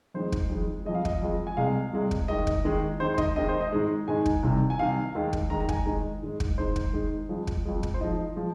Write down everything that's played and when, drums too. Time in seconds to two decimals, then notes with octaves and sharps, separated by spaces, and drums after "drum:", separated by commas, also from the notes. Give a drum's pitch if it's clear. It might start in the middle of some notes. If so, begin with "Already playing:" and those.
0.14 F2 D#3 G#3 C5
0.32 drum: kick
0.50 F2 D#3 G#3
0.85 F2 F3 G#3 D#5
0.95 F5
1.05 D#5, drum: kick
1.22 F2 F3 G#3
1.47 G#5
1.57 C2 C3 G#3 F5
1.93 C2 C3 G#3
2.11 drum: kick
2.28 D#2 D#3 G#3 D#5
2.47 drum: kick
2.65 D#2 D#3 G#3
3.00 D#2 D#3 G#3 C5
3.14 C5
3.18 D#5, drum: kick
3.36 D#2 D#3 G#3 D#5
3.48 C5
3.61 D#5
3.72 G#2 D#3 G#3
4.08 G#2 D#3 G#3 G#5
4.26 drum: kick
4.43 C2 C3 D#3
4.70 G#5
4.79 C2 C3 D#3 F5
5.15 D#2 D#3 G#3
5.33 drum: kick
5.50 D#2 D#3 G#3 A#5
5.60 A#5
5.69 G#5, drum: kick
5.86 G#2 D#3 G#3
6.23 G#2 D#3 G#3
6.40 drum: kick
6.58 G#2 D#3 G#3 C5
6.76 drum: kick
6.93 G#2 D#3 G#3
7.29 F2 F3 G#3
7.47 drum: kick
7.65 F2 F3 G#3
7.83 drum: kick
7.94 C5
8.00 G#2 F3 G#3 D#5
8.36 F3 G#3